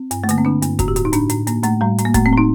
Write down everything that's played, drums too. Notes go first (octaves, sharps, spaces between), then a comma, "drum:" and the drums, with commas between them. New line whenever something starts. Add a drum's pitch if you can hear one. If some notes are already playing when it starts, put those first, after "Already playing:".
Already playing: C4
G2, drum: hi-hat
A3
D3 A#3, drum: hi-hat
C4
D3 D4
G2, drum: hi-hat
A2 F#4, drum: kick, hi-hat
G4
A2 F#4, drum: hi-hat
D#4
A2 D4, drum: hi-hat
A2, drum: hi-hat
A2 A#3, drum: hi-hat
A2 A3, drum: hi-hat
A2 G3
A2, drum: hi-hat
A#3
A2 A3, drum: kick, hi-hat
C4
A2
D#4